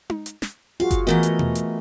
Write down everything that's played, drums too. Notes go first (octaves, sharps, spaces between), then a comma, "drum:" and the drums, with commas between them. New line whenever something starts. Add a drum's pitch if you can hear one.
drum: tom D#4
drum: hi-hat
drum: snare
F4 F#4 G#4 F5
drum: kick F#1, hi-hat
E3 A3 B3 F#4 A#4 D#5
drum: hi-hat
drum: tom B2
drum: hi-hat